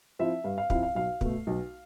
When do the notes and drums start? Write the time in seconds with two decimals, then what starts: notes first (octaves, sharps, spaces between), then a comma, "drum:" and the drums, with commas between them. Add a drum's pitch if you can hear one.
0.19 F3 C4 E4 E5
0.44 G2 F5
0.58 F5
0.70 F3 C4 E4 F5, drum: kick
0.83 F5
0.95 B1 F5
1.21 B2 A3, drum: kick
1.47 B1